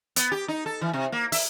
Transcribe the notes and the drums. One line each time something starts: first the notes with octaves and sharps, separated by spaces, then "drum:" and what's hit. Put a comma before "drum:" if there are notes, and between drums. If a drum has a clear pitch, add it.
B3, drum: hi-hat
G4
D#4
A4
E3
C3
A#3
E5, drum: open hi-hat